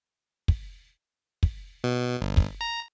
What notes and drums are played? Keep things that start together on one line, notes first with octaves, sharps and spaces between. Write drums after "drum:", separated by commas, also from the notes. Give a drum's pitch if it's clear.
drum: kick
drum: kick
B2
G1
drum: kick
A#5